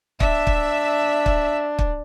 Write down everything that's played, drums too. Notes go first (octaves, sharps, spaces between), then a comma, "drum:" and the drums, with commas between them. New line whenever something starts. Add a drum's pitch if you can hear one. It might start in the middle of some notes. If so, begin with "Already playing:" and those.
D4 E5, drum: kick
drum: kick
drum: kick
drum: kick